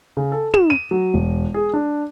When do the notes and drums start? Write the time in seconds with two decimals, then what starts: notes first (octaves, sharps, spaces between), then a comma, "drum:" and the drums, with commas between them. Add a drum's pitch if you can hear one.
0.17 C#3
0.32 A4
0.54 E7, drum: tom
0.70 D#7
0.91 F#3
1.14 E1
1.54 G#4
1.74 D4